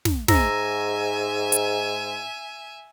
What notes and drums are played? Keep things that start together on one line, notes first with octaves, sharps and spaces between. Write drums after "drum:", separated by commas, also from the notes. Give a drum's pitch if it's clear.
drum: snare
G#2 E5 G#5 A#5 E6 A#6, drum: snare
drum: hi-hat